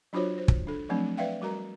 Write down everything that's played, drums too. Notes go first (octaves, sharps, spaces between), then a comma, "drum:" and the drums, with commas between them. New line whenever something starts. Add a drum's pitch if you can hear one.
F#3 D4 F4 F#4 C5 C#5
C5
drum: kick
D4 A4
F3 F#3 A3 C4 D4
B4 D5 E5 F5 G5
G3 F#4 A#4 A#5